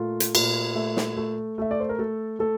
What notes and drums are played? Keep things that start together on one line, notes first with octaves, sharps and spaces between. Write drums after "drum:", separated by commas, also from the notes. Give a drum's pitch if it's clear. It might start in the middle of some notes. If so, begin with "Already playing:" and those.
Already playing: A#2 A3 F4
drum: hi-hat
A#2, drum: cymbal
A3 E5
drum: snare
A3
A3 E5
D5
C5
A#4
A3 A4
A3 A4